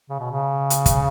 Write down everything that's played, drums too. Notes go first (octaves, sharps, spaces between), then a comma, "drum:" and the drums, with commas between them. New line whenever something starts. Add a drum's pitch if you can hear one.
C#3
B2
C#3
drum: hi-hat
drum: kick, hi-hat